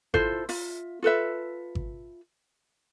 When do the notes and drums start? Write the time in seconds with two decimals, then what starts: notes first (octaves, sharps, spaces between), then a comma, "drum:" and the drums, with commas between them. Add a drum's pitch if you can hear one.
0.14 E4 F4 A4 C5, drum: kick G#1
0.49 F4 E5, drum: open hi-hat
1.03 F4 A4 B4 E5
1.75 drum: kick G#1